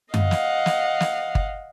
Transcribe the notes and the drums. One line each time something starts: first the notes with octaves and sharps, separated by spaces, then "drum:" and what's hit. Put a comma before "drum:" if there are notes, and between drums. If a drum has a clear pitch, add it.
D#5 F5 F#5, drum: tom F#2
drum: snare
drum: snare
drum: snare
drum: kick G1